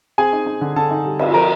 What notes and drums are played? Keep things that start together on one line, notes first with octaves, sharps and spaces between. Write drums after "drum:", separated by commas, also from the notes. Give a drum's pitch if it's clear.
C4 G#4 G#5
D#4
D#4
D3
D3 A4 A5
D#4
G3
C4, drum: cymbal
F3 A#4 A#5